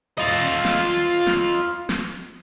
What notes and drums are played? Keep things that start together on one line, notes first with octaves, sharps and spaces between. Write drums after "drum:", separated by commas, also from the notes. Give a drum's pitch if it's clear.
F4 D#5
drum: snare
drum: snare
drum: snare